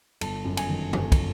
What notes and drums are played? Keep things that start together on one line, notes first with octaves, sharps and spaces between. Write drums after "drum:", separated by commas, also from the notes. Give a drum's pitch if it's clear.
G1 A5, drum: cymbal
F#2
G#5, drum: cymbal
D#3
G1, drum: tom F2
drum: kick, cymbal